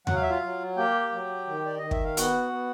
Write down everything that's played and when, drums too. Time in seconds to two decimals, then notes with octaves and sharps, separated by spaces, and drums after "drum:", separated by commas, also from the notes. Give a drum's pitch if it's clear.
0.07 F#3 F#5, drum: tom E2
0.15 F5
0.23 E5
0.30 F4 F5
0.42 F#3
0.77 A#3 G4 G5
1.12 F#3
1.47 D#3
1.66 D5
1.78 D#3 D#5
1.91 E5, drum: kick
2.04 F5
2.17 B3 F#4 F#5, drum: hi-hat
2.52 B3